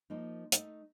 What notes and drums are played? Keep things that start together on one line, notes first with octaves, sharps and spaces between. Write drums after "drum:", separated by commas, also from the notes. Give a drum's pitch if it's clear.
F3 A#3 D#4
A3 D#4, drum: hi-hat